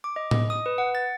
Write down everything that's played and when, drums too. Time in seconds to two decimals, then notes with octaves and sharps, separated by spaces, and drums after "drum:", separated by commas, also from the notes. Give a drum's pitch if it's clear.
0.04 D6
0.16 D#5
0.31 D#5, drum: tom A2
0.50 D#6
0.66 B4
0.78 F#5
0.95 A6